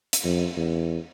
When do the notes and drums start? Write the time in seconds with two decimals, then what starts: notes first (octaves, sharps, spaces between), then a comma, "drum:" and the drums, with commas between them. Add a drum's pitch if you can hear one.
0.13 drum: hi-hat
0.24 F2
0.56 E2